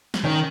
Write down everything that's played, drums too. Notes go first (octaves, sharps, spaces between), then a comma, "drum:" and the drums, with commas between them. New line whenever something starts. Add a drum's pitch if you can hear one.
drum: snare
D#3 C#4